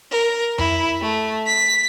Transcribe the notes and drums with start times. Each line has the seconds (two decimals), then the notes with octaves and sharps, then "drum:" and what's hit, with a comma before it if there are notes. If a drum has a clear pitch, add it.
0.11 A#4
0.58 E4, drum: tom F2
1.02 A3
1.47 B6